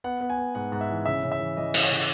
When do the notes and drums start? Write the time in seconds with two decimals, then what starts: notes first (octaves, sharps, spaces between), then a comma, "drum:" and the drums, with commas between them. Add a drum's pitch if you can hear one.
0.04 B3 F#5
0.21 B3
0.30 G#5
0.38 B3
0.55 G#2 F#5
0.72 G#2 F#5
0.81 E5
0.90 E3
1.06 C#3 E5
1.24 C#3
1.32 E5
1.40 E3
1.57 E3 D#5
1.74 E3, drum: cymbal
1.83 C#5
1.91 C#3